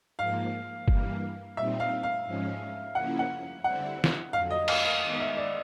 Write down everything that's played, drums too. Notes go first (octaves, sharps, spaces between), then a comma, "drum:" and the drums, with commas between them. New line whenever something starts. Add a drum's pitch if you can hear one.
G#2 F3 A#3 F5
G2 E3 G3 A#3, drum: kick G1
A#2 G3 C4 D#4 E5
F5
F5
G#2 F3 G#3 C#4
C#3 F3 A#3 C#4 E4 F#5
F#5
D3 G3 C4 E4 F#5
drum: snare
F2 D3 F#3 F5
D#5
F5, drum: cymbal
F5
D#3 G#3 B3
E5
D5